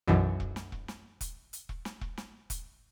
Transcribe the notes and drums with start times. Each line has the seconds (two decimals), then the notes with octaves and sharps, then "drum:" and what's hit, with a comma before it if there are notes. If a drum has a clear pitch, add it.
0.08 B1 F#2 B2 E3
0.40 drum: kick E1
0.56 drum: snare
0.72 drum: kick E1
0.88 drum: snare
1.21 drum: kick E1, hi-hat
1.53 drum: hi-hat
1.69 drum: kick E1
1.85 drum: snare
2.01 drum: kick E1
2.18 drum: snare
2.50 drum: kick E1, hi-hat